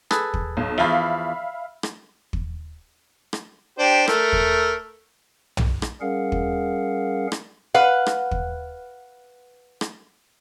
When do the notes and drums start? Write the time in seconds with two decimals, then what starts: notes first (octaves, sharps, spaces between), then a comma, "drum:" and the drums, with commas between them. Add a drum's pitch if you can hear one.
0.11 G#4 A4 B4, drum: rim click
0.34 drum: kick
0.57 B1
0.78 E2 F3 E5 F5 B5
1.83 drum: rim click
2.33 drum: kick
3.33 drum: rim click
3.79 D4 G4 C5
4.08 A3 A#4, drum: rim click
4.32 drum: kick
5.57 drum: tom
5.82 drum: rim click
6.01 G3 C#4 G#4 A#4 F5 F#5
6.32 drum: kick
7.32 drum: rim click
7.74 B4 F5 F#5
8.06 drum: rim click
8.31 drum: kick
9.81 drum: rim click